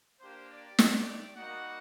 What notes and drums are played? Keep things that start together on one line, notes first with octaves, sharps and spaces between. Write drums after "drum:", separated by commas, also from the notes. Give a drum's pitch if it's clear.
A#3 D4 G4 C5
D5
A3 D4 G4, drum: snare
G3 A#3 D#4 F#4 F#5